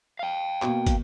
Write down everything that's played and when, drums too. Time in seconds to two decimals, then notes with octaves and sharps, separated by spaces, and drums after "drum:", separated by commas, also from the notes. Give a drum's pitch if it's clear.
0.19 F5 G5
0.62 B2 A#3, drum: clap
0.86 drum: kick, hi-hat